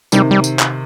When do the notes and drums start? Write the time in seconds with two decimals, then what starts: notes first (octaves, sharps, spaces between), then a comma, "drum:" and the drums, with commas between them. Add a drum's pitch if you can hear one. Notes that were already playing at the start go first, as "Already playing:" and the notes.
0.12 C3 D#3 G3, drum: tambourine
0.31 G3
0.44 drum: tambourine
0.59 drum: clap